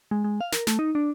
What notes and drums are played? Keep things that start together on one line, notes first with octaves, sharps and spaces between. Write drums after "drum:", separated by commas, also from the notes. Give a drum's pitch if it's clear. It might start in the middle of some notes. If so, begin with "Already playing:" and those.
G#3
G#3
F5
A#4, drum: snare
A3, drum: snare
D#4
D4